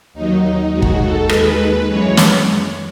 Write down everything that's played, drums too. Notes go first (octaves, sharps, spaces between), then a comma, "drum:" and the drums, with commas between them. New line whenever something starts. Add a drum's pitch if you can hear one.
D#2 D#3 F#3 D#4
D#2 D#3 G#3 F#4
drum: kick
A4
D#2 D#3 G#3 B4, drum: rim click
F#2 E3 G#3 C#5
drum: snare